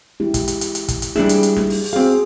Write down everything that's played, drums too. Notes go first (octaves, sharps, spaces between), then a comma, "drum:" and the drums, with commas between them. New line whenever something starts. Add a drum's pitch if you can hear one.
G#3 E4 G4
drum: kick, hi-hat
drum: hi-hat
drum: hi-hat
drum: hi-hat
drum: kick, hi-hat
drum: hi-hat
G3 D4 E4 G#4, drum: snare
drum: hi-hat
drum: hi-hat
drum: snare
drum: open hi-hat
drum: open hi-hat
C4 F#4 G#4 F5